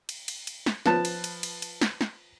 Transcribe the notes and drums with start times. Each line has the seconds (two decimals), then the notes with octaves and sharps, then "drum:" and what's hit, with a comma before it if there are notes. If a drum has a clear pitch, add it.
0.09 drum: cymbal
0.28 drum: cymbal
0.47 drum: cymbal
0.66 drum: snare
0.86 F3 B4 A5, drum: snare
1.05 drum: cymbal
1.24 drum: cymbal
1.43 drum: cymbal
1.62 drum: cymbal
1.81 drum: snare
2.01 drum: snare